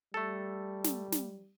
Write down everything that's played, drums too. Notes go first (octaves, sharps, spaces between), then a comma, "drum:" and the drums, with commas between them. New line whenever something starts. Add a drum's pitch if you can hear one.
G3 A3 A4
drum: snare
drum: snare